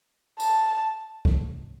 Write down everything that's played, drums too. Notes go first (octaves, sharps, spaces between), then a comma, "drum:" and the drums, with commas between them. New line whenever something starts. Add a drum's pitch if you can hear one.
A5, drum: tambourine
drum: kick C2